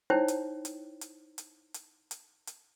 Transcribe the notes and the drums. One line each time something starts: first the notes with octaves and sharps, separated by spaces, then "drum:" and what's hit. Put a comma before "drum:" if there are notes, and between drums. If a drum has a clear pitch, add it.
D#4 E4 C5 C#5 G5
drum: hi-hat
drum: hi-hat
drum: hi-hat
drum: hi-hat
drum: hi-hat
drum: hi-hat
drum: hi-hat